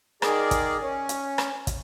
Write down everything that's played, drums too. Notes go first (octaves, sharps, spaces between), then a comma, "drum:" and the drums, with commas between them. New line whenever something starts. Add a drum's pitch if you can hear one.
D#3 G#4 A#4 D5, drum: rim click
drum: kick, hi-hat
C#4
drum: hi-hat
drum: rim click
drum: kick, hi-hat